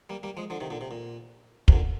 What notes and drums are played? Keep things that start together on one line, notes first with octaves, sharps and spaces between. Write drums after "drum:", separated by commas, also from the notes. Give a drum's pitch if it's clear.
G3 A#3
G3 A#3
F3 G#3
D3 F3
C3 D#3
A#2 D3
C3
A#2
C3, drum: kick
A#2 D3